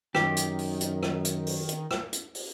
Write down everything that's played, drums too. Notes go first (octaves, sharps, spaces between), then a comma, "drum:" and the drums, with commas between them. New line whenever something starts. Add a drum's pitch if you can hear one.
F#2 D#3 G4, drum: rim click
drum: hi-hat
drum: open hi-hat
drum: hi-hat
drum: rim click
drum: hi-hat
drum: open hi-hat
drum: hi-hat
drum: rim click
drum: hi-hat
drum: open hi-hat